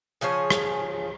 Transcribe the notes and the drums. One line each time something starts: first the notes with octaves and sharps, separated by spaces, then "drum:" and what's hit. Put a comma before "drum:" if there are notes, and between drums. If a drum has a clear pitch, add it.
C#3 F3 G#4 C#5
drum: rim click